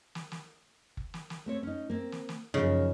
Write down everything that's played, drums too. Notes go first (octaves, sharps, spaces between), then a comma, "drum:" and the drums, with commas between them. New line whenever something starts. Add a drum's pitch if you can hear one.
drum: snare
drum: snare
drum: kick F#1
drum: snare
drum: snare
A3 C4 C#5
C#4 D#4
A#3 C4
drum: snare
drum: snare
F#2 C#3 F3 D#4